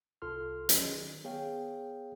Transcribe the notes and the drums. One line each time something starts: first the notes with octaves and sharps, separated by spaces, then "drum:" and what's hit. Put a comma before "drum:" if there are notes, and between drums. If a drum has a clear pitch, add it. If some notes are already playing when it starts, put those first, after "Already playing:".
C2 F4 A4 C6 F6
F#3 C#4 G#4 D#5, drum: hi-hat
D#3
B3 G#4 C#5 F5 G5